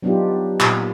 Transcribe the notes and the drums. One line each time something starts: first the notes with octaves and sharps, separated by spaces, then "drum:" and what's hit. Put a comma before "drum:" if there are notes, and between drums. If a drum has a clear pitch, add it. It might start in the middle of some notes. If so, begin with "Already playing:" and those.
F#3 B3 D4 D#4 F4 G4
A#2, drum: clap